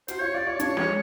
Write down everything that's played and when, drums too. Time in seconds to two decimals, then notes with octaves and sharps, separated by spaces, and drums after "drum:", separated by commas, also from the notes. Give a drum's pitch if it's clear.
0.08 F#4 C5, drum: hi-hat
0.21 F4 C#5
0.34 F4 D5
0.47 F4 C#5
0.55 D5
0.60 D4 C#5, drum: hi-hat
0.77 G#3 C#5, drum: snare